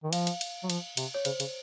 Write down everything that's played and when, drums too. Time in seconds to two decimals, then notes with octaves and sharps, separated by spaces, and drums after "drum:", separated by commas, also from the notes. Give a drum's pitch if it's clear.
0.04 D#3
0.13 F3 F5, drum: cymbal
0.27 drum: cymbal
0.41 drum: cymbal
0.63 F#3
0.70 F3, drum: cymbal
0.97 C3, drum: cymbal
1.14 C#5
1.25 C#3 C5, drum: cymbal
1.40 C#3, drum: cymbal